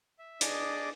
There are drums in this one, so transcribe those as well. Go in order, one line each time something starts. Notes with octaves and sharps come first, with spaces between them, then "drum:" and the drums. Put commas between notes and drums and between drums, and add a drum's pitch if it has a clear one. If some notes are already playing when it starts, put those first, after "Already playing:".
E5
D4 G#4 D5 D#5 D6, drum: hi-hat